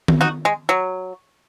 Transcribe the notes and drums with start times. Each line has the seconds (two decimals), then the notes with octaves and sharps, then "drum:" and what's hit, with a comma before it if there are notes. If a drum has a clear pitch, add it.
0.08 drum: tom D#3
0.21 D#4 F#4
0.45 G#3
0.69 F#3